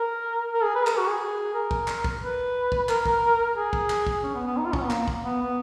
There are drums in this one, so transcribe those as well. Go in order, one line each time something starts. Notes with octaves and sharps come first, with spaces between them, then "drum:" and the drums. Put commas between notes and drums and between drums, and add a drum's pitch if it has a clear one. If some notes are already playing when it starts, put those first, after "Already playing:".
Already playing: A#4
A#4
G#4
B4
A#4, drum: clap
F#4
G#4
A#4
drum: kick
drum: clap
drum: kick
B4
drum: kick
A#4, drum: clap
drum: kick
G#4
drum: kick
drum: clap
drum: kick
C#4
B3
B3
D#4
F4
C#4, drum: kick
B3
A#3, drum: clap
drum: kick
B3
B3